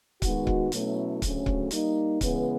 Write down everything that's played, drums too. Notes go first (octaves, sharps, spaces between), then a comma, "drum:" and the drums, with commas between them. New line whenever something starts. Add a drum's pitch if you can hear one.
D#3 G#3 B3 D#4 F#4, drum: kick C#1, hi-hat
drum: kick C#1
B2 F#3 A3 C#4 E4, drum: hi-hat
D2 C#3 F#3 A3 C#4, drum: kick C#1, hi-hat
drum: kick C#1
G3 A#3 D#4, drum: hi-hat
C#3 E3 G#3 B3, drum: kick C#1, hi-hat